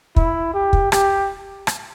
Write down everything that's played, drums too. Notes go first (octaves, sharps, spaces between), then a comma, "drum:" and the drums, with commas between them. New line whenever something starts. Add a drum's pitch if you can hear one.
E4, drum: kick
G4
drum: kick
G4, drum: rim click
drum: rim click